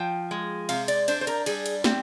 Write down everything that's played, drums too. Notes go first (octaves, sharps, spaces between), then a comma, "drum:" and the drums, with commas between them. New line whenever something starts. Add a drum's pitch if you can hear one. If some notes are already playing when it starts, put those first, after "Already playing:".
Already playing: F3 G5
G#3
C3 F5, drum: cymbal
D5, drum: cymbal
D4 C5, drum: cymbal
C5
A#4, drum: cymbal
G3 G#4, drum: cymbal
drum: cymbal
C4 G4, drum: snare